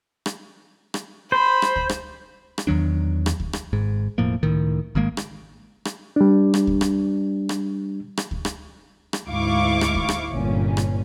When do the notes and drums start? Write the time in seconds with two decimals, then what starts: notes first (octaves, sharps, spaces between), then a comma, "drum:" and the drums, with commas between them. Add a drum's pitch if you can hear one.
0.26 drum: rim click
0.94 drum: rim click
1.32 C5 B5
1.62 drum: rim click
1.76 drum: kick D2
1.89 drum: rim click
2.58 drum: rim click
2.67 E2 D#3 F#3 D4
3.26 drum: rim click
3.40 drum: kick D2
3.53 drum: rim click
3.73 G#1 G#2
4.18 E1 A2 F3 A#3
4.43 C#2 A2 D#3
4.95 G#1 D#3 G#3 A#3
5.17 drum: rim click
5.85 drum: rim click
6.16 G3 D4
6.54 drum: rim click
6.67 drum: kick D2
6.81 drum: rim click
7.49 drum: rim click
8.17 drum: rim click
8.31 drum: kick D2
8.45 drum: rim click
9.13 drum: rim click
9.27 D2 G#2 E4 F5 C#6 D6
9.81 drum: rim click
9.95 drum: kick D2
10.09 drum: rim click
10.32 G1 A#2 C#4
10.77 drum: rim click